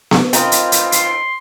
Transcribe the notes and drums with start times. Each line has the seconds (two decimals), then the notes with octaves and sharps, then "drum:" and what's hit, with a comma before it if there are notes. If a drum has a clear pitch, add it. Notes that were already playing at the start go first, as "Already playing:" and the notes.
0.11 drum: snare B3
0.33 C4 D#4 F4 A#4 B4, drum: hi-hat
0.52 drum: hi-hat
0.72 drum: hi-hat
0.92 C6, drum: hi-hat